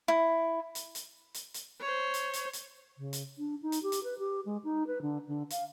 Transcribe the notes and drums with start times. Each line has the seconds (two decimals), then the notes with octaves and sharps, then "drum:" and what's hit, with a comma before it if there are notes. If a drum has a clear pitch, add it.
0.08 E4
0.75 drum: hi-hat
0.95 drum: hi-hat
1.34 drum: hi-hat
1.54 drum: hi-hat
1.81 C5 C#5
2.14 drum: hi-hat
2.33 drum: hi-hat
2.53 drum: hi-hat
2.97 C#3
3.13 drum: hi-hat
3.38 D4
3.62 D#4
3.72 drum: hi-hat
3.82 G4
3.92 drum: hi-hat
4.03 B4
4.18 G4
4.45 G#3
4.64 D#4
4.87 B4
5.01 D3
5.27 D3
5.50 F5, drum: hi-hat